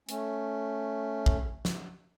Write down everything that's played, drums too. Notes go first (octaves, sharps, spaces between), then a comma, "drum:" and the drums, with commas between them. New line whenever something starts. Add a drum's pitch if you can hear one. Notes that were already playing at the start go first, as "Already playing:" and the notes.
A3 C#4, drum: hi-hat
drum: kick
drum: snare